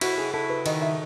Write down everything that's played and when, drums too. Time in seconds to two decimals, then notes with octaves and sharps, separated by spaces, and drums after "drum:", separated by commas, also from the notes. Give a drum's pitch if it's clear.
0.01 E4 F#4, drum: cymbal
0.18 G#4
0.34 E4 A4
0.50 B4
0.66 D#3 D#5, drum: cymbal
0.82 E5